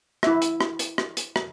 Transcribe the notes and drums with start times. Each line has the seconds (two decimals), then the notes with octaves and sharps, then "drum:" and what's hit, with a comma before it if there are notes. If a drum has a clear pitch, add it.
0.23 E4 E5, drum: rim click
0.42 drum: hi-hat
0.61 drum: rim click
0.79 drum: hi-hat
0.98 drum: rim click
1.17 drum: hi-hat
1.36 drum: rim click